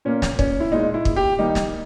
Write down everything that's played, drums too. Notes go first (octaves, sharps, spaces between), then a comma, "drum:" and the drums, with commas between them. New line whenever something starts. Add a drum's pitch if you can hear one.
A#2 A#3 C#4
drum: snare
C#4, drum: kick
E4
A#2 G#3 D#4
E4
drum: kick
G4
D#3 G3 A#3 D#4
drum: snare